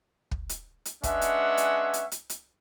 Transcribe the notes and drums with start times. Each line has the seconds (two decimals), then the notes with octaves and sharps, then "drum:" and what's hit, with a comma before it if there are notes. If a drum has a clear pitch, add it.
0.31 drum: kick
0.49 drum: hi-hat
0.85 drum: hi-hat
1.03 G#3 C#4 D4 B4 E5 F#5, drum: kick, hi-hat
1.21 drum: hi-hat
1.57 drum: hi-hat
1.94 drum: hi-hat
2.12 drum: hi-hat
2.30 drum: hi-hat